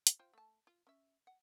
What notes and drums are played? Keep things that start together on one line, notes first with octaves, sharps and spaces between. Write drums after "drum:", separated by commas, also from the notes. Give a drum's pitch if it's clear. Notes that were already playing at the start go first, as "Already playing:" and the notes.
drum: hi-hat
F4 C5 G5
A3 A5
F4
C#4 E5
F#5